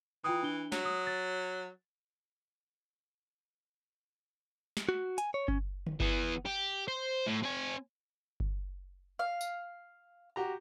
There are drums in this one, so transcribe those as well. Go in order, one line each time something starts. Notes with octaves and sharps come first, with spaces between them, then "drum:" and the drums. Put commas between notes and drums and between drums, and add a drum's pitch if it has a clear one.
E3 F4 G5 D#6
D4 G7
F#3, drum: snare
D#6
A6
drum: snare
F#4
G#5, drum: hi-hat
C#5
C#4, drum: kick G1
drum: tom
E3 B3, drum: kick G1
G4
C5
A2
C4 G#5
drum: kick G1
F5
drum: tambourine
F#4 G4 A#5